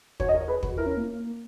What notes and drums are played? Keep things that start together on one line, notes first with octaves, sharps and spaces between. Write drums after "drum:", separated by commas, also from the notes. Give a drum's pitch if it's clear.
F#4 C#5, drum: kick
D#5
A#4 C#5
G#4 B4
F#4, drum: kick
E4 A#4
C#4
A#3